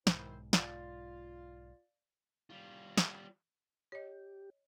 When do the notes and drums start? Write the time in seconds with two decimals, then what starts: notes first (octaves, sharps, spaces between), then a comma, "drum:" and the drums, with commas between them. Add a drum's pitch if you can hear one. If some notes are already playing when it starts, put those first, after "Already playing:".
0.07 B1 G#2 D#3 E4 C5, drum: snare
0.53 F4 D5 F5 A6, drum: snare
2.50 G3 F4
2.97 drum: snare
3.92 G4 C#5 D#5